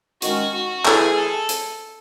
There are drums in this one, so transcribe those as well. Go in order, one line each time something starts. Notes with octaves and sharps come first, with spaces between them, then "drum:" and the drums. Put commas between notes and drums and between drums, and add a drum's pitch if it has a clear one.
D#3 G#3 C#4 F#4, drum: hi-hat
F#4
E3 A3 E4 G#4 A4, drum: clap
A4
drum: hi-hat